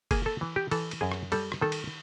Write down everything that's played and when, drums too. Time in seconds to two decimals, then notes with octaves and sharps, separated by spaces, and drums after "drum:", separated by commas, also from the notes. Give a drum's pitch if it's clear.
0.11 A#3 G#4, drum: kick F#1, cymbal
0.26 A4
0.41 E3
0.56 G4
0.71 E3 A4, drum: cymbal
0.91 drum: cymbal
1.01 F#2 G#4
1.12 drum: rim click
1.32 G3 A4, drum: cymbal
1.52 drum: rim click
1.61 D#3 A4
1.72 drum: cymbal